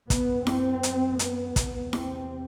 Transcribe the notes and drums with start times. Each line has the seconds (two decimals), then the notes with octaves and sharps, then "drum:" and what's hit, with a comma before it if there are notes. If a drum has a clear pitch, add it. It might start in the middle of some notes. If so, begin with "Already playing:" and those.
0.10 F#2 B3, drum: kick, hi-hat
0.47 C4, drum: snare E4
0.83 drum: hi-hat
1.19 B3, drum: hi-hat
1.56 E2 C3, drum: kick, hi-hat
1.93 C4, drum: snare E4